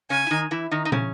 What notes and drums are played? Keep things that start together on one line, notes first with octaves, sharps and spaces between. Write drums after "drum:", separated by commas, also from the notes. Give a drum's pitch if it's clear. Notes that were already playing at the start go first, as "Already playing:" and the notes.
C#3 C#4 G#5
E4
D#3 D#4
E3 E4
D#3 D#4
D#4
C#3 C#4, drum: tom